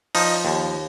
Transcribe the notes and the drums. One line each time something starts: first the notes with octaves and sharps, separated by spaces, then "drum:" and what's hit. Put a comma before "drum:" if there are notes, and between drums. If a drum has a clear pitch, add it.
F3 D#4, drum: open hi-hat
D#2